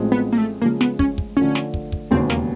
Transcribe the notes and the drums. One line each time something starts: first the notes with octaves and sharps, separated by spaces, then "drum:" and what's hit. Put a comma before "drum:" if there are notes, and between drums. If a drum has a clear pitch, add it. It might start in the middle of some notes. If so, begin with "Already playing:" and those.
Already playing: A1 A2 F3 G#3 C4
B3
A#3
A3
C#3 F3 G#3 A#3
B3, drum: snare
C#4, drum: kick
drum: kick
D3 F3 A3 C#4
drum: snare
drum: kick
drum: kick
E1 D#2 C#3 F#3 B3 C4
A#3, drum: snare